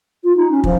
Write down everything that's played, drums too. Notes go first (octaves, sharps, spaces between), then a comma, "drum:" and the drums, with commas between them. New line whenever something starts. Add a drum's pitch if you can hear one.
F4
D#4
C#4
F3, drum: kick